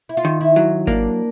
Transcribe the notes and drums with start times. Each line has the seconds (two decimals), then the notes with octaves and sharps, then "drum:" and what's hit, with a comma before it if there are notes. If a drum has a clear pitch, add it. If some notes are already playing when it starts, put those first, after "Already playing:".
0.09 E4
0.17 F4
0.25 D#3
0.41 E4
0.56 F#3
0.87 A#3 D4, drum: kick G#1